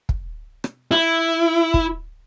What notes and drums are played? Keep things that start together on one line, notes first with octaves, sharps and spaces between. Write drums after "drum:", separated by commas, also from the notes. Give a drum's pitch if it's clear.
drum: kick
drum: rim click
E4
drum: kick